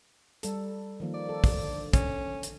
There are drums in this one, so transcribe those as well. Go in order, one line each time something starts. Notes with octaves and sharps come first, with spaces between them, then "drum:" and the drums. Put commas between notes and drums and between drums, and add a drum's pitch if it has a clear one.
G3 A4, drum: hi-hat
D#3 F3 A#3
D5
A4
drum: kick, open hi-hat
D3
C#4, drum: kick, hi-hat
drum: hi-hat